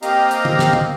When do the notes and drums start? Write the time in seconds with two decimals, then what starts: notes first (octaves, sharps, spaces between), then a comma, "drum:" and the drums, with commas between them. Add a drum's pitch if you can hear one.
0.03 A#3 C4 G4 D#5 F5 A#5, drum: hi-hat
0.31 drum: hi-hat
0.45 drum: tom
0.59 drum: snare
0.73 drum: tom